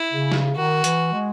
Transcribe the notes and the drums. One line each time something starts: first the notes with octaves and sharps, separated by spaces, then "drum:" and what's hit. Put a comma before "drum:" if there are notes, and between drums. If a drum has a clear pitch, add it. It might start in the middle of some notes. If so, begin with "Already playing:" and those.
Already playing: E4
C#3
drum: snare
D#3 F#4
E3, drum: hi-hat
G#3